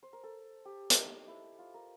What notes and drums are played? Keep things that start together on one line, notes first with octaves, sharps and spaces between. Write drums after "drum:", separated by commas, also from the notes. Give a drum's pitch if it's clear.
C5
A#4
A4
G4
D4, drum: hi-hat
D#4
E4
F4
A#4